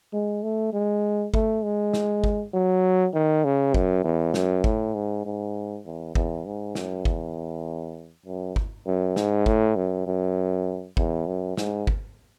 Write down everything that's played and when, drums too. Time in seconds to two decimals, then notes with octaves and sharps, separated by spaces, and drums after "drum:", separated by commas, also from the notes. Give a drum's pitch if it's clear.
0.13 G#3
0.43 A3
0.73 G#3
1.34 A3, drum: kick G1
1.63 G#3
1.94 drum: snare
2.24 drum: kick G1
2.54 F#3
3.14 D#3
3.44 C#3
3.74 F#2, drum: kick G1
4.04 E2
4.34 F#2, drum: snare
4.64 A2, drum: kick G1
4.94 G#2
5.25 G#2
5.85 E2
6.15 E2, drum: kick G1
6.45 G#2
6.75 F#2, drum: snare
7.05 E2, drum: kick G1
8.26 F#2
8.56 drum: kick G1
8.86 F#2
9.16 G#2, drum: snare
9.46 A2, drum: kick G1
9.76 F#2
10.07 F#2
10.97 E2, drum: kick G1
11.27 F#2
11.57 G#2, drum: snare
11.87 drum: kick G1